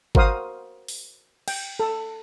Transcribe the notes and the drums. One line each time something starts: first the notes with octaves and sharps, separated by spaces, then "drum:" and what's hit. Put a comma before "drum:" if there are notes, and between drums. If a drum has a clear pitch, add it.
F#4 A#4 C5 F5 D#6, drum: kick G1
drum: open hi-hat
G5, drum: cymbal
A4